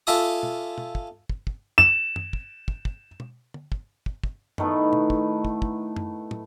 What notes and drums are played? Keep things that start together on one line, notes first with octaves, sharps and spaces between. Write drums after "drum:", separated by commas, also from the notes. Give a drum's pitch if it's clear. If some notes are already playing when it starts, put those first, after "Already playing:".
F4 A4 E5 G#5 D6 D#6
drum: tom
drum: tom
drum: kick
drum: kick
drum: kick
E7
drum: tom F#2
drum: kick
drum: kick
drum: kick
drum: tom
drum: tom
drum: kick
drum: kick
drum: kick
A2 D#3 A3 B3, drum: tom F#2
drum: tom
drum: kick
drum: kick
drum: kick
drum: tom F#2
drum: tom